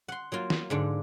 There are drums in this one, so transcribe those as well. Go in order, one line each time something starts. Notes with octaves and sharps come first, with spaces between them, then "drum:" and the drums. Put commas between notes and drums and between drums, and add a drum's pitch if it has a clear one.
F#5 C6
F#3 A#3 F4
drum: snare
G#2 D3 D4